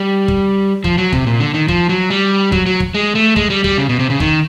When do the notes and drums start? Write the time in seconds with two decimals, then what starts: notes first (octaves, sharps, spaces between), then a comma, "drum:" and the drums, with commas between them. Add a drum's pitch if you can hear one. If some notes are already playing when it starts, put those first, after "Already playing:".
Already playing: G3
0.28 drum: kick
0.84 F3, drum: kick
0.98 F#3
1.13 C3, drum: kick
1.27 A#2
1.40 D3
1.54 D#3
1.68 F3, drum: kick
1.89 F#3
2.10 G3
2.52 F#3, drum: kick
2.66 F#3
2.80 drum: kick
2.94 G#3
3.15 A3
3.36 G#3, drum: kick
3.50 G3
3.64 G3, drum: kick
3.78 C#3
3.89 B2
3.99 C3
4.10 C#3
4.20 D#3, drum: kick